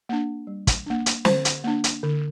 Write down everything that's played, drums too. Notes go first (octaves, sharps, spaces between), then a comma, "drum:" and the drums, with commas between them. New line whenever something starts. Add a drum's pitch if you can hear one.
A#3 D4
G3
drum: kick, hi-hat
A#3 D4
drum: hi-hat
D3 C5, drum: snare
drum: hi-hat
A#3 D4
drum: hi-hat
D3